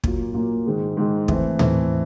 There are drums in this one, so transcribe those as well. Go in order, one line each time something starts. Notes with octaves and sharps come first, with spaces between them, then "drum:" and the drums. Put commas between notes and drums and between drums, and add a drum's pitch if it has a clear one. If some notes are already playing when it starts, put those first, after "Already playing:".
A#2 F#3 A#3, drum: kick
A#2 F#3 A#3
G#2 D#3 G#3
G#2 D#3 G#3
E3 A3 C4, drum: kick
E3 A3 C4, drum: tom